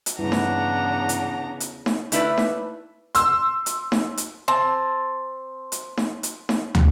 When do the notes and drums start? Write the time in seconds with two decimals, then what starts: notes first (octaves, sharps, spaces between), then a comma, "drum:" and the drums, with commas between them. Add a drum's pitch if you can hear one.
0.06 drum: hi-hat
0.19 E2 G2 C#3 E3 D4 F#5 A#5
0.32 drum: snare D#4
1.09 drum: hi-hat
1.60 drum: hi-hat
1.86 drum: snare D#4
2.12 A3 E4 B4 D5, drum: hi-hat
2.37 drum: snare D#4
3.15 C6 E6, drum: hi-hat
3.66 drum: hi-hat
3.92 drum: snare D#4
4.17 drum: hi-hat
4.48 C4 A5 C6
5.72 drum: hi-hat
5.97 drum: snare D#4
6.23 drum: hi-hat
6.49 drum: snare D#4
6.75 drum: tom